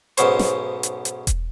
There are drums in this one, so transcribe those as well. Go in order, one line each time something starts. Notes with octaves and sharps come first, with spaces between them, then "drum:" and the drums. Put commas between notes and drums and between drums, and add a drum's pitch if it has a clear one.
B1 G#2 B2 C#4 C5, drum: hi-hat
drum: snare
drum: hi-hat
drum: hi-hat
drum: kick E1, hi-hat